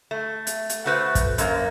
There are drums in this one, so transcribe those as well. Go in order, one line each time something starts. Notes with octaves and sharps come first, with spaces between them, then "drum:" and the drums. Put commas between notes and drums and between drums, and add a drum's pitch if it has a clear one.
A3
drum: hi-hat
drum: hi-hat
A3 F#4 B4 C5
drum: kick, hi-hat
F#2 A#3, drum: hi-hat